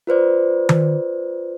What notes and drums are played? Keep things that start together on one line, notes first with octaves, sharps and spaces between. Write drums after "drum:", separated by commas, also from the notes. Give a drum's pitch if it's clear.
F4 B4 C5 D5
drum: tom D#3